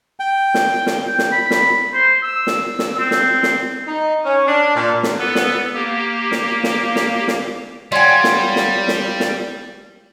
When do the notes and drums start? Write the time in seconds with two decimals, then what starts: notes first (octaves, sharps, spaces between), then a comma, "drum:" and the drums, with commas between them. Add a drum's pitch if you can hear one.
0.20 G5
0.54 drum: snare
0.86 drum: snare
1.07 G5
1.18 drum: snare
1.32 B5
1.51 drum: snare
1.93 C5
2.23 E6
2.47 drum: snare
2.79 drum: snare
2.99 C4
3.11 drum: snare
3.43 drum: snare
3.87 D#4
4.25 C#4
4.47 D4
4.75 A#2
5.03 drum: snare
5.18 B3 A4 B4
5.35 drum: snare
5.74 A#3 G4
6.31 drum: snare
6.64 drum: snare
6.96 drum: snare
7.28 drum: snare
7.92 G3 F4 C#5 D5 F#5 G#5
8.24 drum: snare
8.56 drum: snare
8.88 drum: snare
9.20 drum: snare